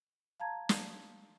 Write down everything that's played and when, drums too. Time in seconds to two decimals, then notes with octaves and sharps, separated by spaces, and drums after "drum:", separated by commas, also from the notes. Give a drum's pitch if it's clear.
0.40 F5 A5 A#5 G#6
0.69 drum: snare